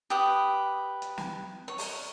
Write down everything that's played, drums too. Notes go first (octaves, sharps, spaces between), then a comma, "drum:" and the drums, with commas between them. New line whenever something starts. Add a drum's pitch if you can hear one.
G4 B4 D#6
drum: hi-hat
drum: snare
C#5
drum: open hi-hat